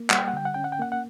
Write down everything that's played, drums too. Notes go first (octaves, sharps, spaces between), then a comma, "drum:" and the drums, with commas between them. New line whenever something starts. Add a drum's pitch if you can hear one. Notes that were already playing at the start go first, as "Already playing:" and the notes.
Already playing: A#3
G3 F#5, drum: clap
G5
F#5
D3 G5
F#5
C#4 G5
F#5
G5
A#3 F#5
F#5